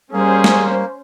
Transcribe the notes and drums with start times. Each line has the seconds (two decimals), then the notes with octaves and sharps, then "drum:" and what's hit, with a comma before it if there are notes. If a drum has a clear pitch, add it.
0.13 G3 A#3 C#4 G#4 C5
0.44 drum: snare